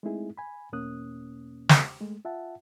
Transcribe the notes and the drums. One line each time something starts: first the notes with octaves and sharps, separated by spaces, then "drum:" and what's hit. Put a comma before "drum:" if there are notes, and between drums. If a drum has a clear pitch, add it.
G#3 A3 C4 D#4 E4 G#4
G#5 B5
E2 B2 A#3 C#4 D#6 F#6
drum: snare
G#3 A3
F4 E5 F#5 A5